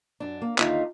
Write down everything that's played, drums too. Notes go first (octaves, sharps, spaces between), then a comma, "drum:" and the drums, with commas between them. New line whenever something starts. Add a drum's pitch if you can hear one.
F#2 D4
A#3
D#2 D3 D#4 F4 E5, drum: clap